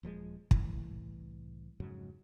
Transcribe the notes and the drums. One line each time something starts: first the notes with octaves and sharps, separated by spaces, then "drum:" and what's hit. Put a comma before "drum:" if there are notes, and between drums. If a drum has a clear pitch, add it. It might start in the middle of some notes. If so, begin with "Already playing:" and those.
D#1 F3 G3 G#3
C2 A2 E3, drum: kick
F2 G#2 C#3 F#3